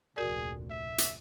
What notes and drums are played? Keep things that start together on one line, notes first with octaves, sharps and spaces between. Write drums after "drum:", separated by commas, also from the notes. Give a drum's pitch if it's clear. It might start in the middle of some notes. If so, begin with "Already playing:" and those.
F1 D2 A#2 F#4 G#4 A#4 D5
E5
drum: hi-hat